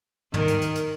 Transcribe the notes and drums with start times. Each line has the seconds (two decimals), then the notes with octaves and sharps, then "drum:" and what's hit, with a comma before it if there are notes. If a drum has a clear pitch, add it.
0.34 D#3 A#4, drum: tom
0.48 drum: hi-hat
0.62 drum: hi-hat
0.75 drum: hi-hat